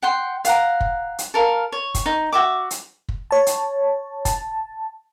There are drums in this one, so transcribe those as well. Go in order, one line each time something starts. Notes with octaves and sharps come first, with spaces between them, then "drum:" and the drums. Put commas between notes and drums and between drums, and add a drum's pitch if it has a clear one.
F#5 G5 C6
F5 F#5 A#5, drum: hi-hat
drum: kick
drum: hi-hat
A4 A#4 F5
C#5
drum: kick, hi-hat
D#4
F#4 E5 D6
drum: hi-hat
drum: kick
C#5 A5
drum: hi-hat
A5, drum: kick, hi-hat